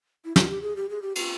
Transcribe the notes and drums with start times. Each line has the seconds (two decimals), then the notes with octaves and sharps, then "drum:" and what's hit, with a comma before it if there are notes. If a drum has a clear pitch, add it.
0.25 E4
0.36 F4, drum: snare
0.49 G4
0.62 G#4
0.76 G4
0.89 G#4
1.02 G4
1.16 F#4, drum: cymbal
1.20 F4